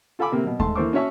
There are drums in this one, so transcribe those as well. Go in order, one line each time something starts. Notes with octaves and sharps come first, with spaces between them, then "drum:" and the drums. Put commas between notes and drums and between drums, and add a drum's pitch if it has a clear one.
F4 A4 F5 G#5 B5 D6
C3 A#3 C4
B2 F#3
G#2 A3 A5 C6, drum: kick D#2
E3 A#3 A4 C5 C#6 D6
C#4 F#4 C#5 E5 A5 C#6